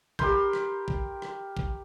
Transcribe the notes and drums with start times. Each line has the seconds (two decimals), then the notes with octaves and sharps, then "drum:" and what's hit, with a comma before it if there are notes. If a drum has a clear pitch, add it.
0.19 G4 A#4 B5 C6 G6, drum: kick A#1
0.53 drum: rim click
0.88 drum: kick A#1
1.22 drum: rim click
1.57 drum: kick A#1